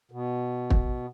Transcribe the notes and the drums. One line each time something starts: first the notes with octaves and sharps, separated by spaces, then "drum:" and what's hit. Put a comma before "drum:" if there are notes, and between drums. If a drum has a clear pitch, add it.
B2
drum: kick